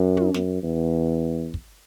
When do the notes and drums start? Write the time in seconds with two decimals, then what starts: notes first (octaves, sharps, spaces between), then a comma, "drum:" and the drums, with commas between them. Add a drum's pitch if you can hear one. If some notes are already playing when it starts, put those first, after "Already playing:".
Already playing: F#2
0.17 drum: tom
0.34 F#2, drum: snare
0.63 E2
1.54 drum: kick